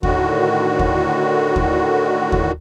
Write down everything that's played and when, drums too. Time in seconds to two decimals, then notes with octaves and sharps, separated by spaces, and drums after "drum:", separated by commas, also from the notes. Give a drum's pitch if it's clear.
0.03 A2 D3 D#3 F#4, drum: kick D#2
0.79 drum: kick D#2
1.56 drum: kick D#2
2.32 drum: kick D#2